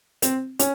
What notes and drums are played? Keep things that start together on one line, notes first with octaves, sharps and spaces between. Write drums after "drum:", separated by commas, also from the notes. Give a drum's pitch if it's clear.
C4, drum: hi-hat
C#4, drum: hi-hat